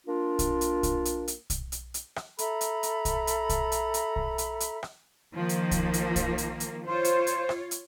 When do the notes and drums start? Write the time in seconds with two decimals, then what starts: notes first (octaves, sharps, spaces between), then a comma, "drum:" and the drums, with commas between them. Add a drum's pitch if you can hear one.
0.06 A#3 D4 F4
0.39 drum: kick, hi-hat
0.61 drum: hi-hat
0.83 drum: kick, hi-hat
1.05 drum: hi-hat
1.28 drum: hi-hat
1.50 drum: kick, hi-hat
1.72 drum: hi-hat
1.94 drum: hi-hat
2.16 drum: rim click
2.39 A4 E5 A#5 B5, drum: hi-hat
2.61 drum: hi-hat
2.83 drum: hi-hat
3.05 drum: kick, hi-hat
3.27 drum: hi-hat
3.49 drum: kick, hi-hat
3.72 drum: hi-hat
3.94 drum: hi-hat
4.16 drum: kick
4.38 drum: hi-hat
4.60 drum: hi-hat
4.83 drum: rim click
5.34 D#3 F3 A#3
5.49 drum: hi-hat
5.71 drum: kick, hi-hat
5.94 drum: hi-hat
6.16 drum: kick, hi-hat
6.38 drum: hi-hat
6.60 drum: hi-hat
6.86 F4 C5 C#5
7.04 drum: hi-hat
7.27 drum: hi-hat
7.49 drum: rim click
7.71 drum: hi-hat